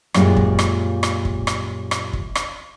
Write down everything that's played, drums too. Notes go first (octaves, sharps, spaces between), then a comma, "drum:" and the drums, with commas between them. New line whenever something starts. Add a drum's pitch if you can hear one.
F#2 A#2 G3 G#3 F4, drum: rim click
drum: kick
drum: rim click
drum: rim click
drum: kick
drum: rim click
drum: rim click
drum: kick
drum: rim click